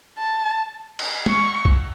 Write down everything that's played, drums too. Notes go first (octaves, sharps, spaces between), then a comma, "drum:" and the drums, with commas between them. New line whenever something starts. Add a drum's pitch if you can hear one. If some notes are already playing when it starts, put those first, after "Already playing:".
A5
drum: cymbal
C#6, drum: tom
drum: kick B1